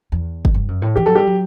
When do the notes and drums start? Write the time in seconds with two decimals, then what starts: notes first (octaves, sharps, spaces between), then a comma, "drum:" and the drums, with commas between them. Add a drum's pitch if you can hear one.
0.12 E2
0.45 drum: kick
0.54 G2
0.68 F#2
0.82 A2
0.96 E3 G4
1.06 F#3 A4
1.15 G3 G4
1.27 F#3